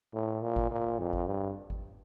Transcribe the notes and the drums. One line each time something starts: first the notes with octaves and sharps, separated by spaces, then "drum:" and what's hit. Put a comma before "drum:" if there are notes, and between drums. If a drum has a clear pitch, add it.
A2
A#2
drum: kick G#1
A#2
F2
drum: kick G#1
G2
drum: kick G#1